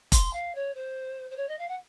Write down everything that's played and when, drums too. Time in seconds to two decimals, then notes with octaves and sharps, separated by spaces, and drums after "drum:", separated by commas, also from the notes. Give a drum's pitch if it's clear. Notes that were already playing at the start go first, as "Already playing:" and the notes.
0.12 C6, drum: kick F1, hi-hat
0.33 F5
0.55 C#5
0.74 C5
1.30 C5
1.36 C#5
1.48 D#5
1.58 F5
1.68 F#5